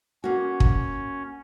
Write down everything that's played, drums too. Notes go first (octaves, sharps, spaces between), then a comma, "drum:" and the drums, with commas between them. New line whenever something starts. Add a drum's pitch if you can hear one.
A#3 C#4 F#4
drum: kick